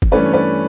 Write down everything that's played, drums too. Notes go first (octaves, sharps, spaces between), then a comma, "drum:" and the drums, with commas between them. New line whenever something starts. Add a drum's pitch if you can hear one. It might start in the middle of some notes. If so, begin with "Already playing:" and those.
drum: kick
G2 E3 A3 C#4 B4 D5
B4 D5